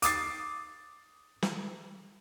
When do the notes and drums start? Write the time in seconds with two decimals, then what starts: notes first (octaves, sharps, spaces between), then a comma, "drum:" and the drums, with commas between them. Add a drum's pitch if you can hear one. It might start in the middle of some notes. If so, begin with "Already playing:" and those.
0.02 D6 D#6 A6 C7, drum: hi-hat
1.42 drum: snare